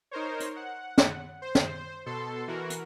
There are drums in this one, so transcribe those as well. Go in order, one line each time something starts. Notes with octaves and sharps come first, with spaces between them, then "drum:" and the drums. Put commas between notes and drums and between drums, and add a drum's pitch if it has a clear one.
D#4 A#4 C5 C#5
drum: hi-hat
F#5
drum: snare
C5
drum: snare
B2 A4 C6
E3 F#4 A#4
drum: hi-hat